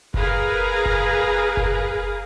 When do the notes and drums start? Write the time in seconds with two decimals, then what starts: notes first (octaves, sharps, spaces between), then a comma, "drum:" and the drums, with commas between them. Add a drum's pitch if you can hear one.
0.14 G#4 A#4 B4 F5 A#5, drum: kick F#1
0.86 drum: kick F#1
1.57 drum: kick F#1